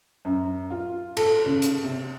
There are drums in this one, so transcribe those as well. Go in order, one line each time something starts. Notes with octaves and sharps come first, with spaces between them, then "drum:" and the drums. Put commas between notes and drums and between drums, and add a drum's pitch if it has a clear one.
F#2
F4
A4, drum: cymbal
C#3
drum: hi-hat
C3